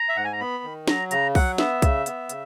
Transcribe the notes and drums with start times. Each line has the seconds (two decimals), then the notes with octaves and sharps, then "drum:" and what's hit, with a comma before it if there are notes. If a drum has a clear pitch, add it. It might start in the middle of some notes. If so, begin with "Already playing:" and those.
Already playing: A#5
0.09 E5
0.16 G#2 F#5
0.24 G#5
0.33 A#5
0.40 B3 B5
0.64 D#3
0.88 F#3 A#5, drum: snare
1.11 C#3 A#5, drum: hi-hat
1.35 F#3 F#5, drum: kick C2, open hi-hat
1.58 B3 E5, drum: snare
1.82 C#3, drum: kick C2, hi-hat
2.06 B3, drum: hi-hat
2.29 C#3, drum: hi-hat